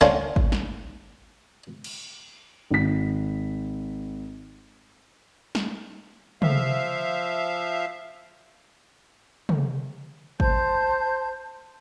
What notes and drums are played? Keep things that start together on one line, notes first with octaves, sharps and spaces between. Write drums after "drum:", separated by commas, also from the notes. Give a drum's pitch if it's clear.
D3 C#4 C5 F5 C6, drum: snare
drum: kick
drum: snare
drum: cymbal
G#1 B6
drum: snare
F3 E5 F5, drum: tom
drum: tom
C5 A5 G6, drum: kick